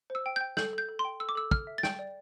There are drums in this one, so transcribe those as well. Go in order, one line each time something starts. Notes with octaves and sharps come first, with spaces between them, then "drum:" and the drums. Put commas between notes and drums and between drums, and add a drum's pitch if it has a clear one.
C5
E6
G5
G5 G6
A4 G6, drum: snare
A4 G6
A4
C6
G5
A4 E6
D6
A4 E6
A4 F6, drum: kick
E5
A6
G5 G6, drum: snare
D5